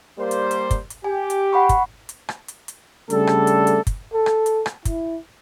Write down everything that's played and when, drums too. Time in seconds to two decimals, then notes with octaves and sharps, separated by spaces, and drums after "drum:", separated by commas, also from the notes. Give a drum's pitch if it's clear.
0.19 G3 A#3 C5
0.31 drum: hi-hat
0.51 drum: hi-hat
0.71 drum: kick, hi-hat
0.90 drum: hi-hat
1.04 G4 G#5
1.30 drum: hi-hat
1.53 F#5 B5 C#6
1.69 drum: kick, hi-hat
2.09 drum: hi-hat
2.29 drum: rim click
2.48 drum: hi-hat
2.68 drum: hi-hat
3.10 C#3 G3 A3 D4 A4, drum: hi-hat
3.27 drum: rim click
3.47 drum: hi-hat
3.67 drum: hi-hat
3.87 drum: kick, hi-hat
4.13 A4
4.26 drum: rim click
4.46 drum: hi-hat
4.66 drum: rim click
4.85 E4, drum: kick, hi-hat